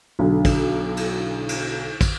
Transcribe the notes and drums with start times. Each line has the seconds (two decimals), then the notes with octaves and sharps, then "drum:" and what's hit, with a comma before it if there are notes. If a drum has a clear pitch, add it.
0.19 B1 D3
0.45 drum: kick, cymbal
0.97 drum: cymbal
1.49 drum: cymbal
2.01 drum: kick, cymbal